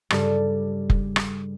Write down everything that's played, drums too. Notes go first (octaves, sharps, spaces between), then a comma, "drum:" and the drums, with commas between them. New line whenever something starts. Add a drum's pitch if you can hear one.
G2 C#3 G3 A4 D5, drum: rim click
drum: kick F1
drum: rim click